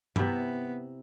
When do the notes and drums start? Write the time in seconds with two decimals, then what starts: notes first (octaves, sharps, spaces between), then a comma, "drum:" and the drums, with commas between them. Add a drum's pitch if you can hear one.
0.16 C3 B3 E4 E5, drum: tom G2